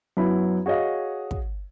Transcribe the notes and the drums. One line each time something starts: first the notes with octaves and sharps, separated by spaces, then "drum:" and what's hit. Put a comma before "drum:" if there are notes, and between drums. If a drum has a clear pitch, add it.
F#2 F#3 B3 E4 B5
F#4 G#4 C#5 D#5 F5
drum: kick